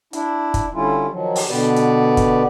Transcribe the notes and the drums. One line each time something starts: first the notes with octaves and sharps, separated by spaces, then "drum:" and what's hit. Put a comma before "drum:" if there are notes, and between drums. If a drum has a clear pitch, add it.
D4 E4, drum: hi-hat
drum: kick, hi-hat
D3 G3 C#4 E4 F4
D#3 F3 F#3
drum: open hi-hat
B2 D3 B3 G4 B4 D5
drum: hi-hat
drum: kick, hi-hat